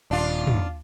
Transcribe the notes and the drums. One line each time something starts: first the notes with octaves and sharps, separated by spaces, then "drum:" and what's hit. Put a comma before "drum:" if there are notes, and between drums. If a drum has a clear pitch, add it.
D#1 D4 F4
drum: tom